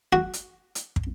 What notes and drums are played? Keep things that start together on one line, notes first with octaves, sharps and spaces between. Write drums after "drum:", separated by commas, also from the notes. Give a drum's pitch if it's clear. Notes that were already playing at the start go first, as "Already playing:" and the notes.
F#4
drum: hi-hat
drum: hi-hat
drum: kick